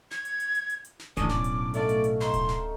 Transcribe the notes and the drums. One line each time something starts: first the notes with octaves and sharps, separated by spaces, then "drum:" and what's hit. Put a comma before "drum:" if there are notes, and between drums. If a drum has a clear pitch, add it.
G#6, drum: snare
drum: hi-hat
drum: hi-hat
drum: hi-hat
drum: hi-hat
drum: hi-hat
drum: snare
A1 G2 D3 C#4 D4 D#6, drum: kick D1, hi-hat
B1 A2 D6, drum: snare
drum: hi-hat
A3 D5 D#5 F5, drum: hi-hat
drum: hi-hat
drum: hi-hat
D#4 C6, drum: snare
drum: kick D1, hi-hat
drum: snare